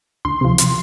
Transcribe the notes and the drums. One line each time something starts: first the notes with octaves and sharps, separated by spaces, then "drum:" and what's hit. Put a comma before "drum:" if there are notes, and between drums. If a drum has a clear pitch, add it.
D2 C6
C3 F3
drum: hi-hat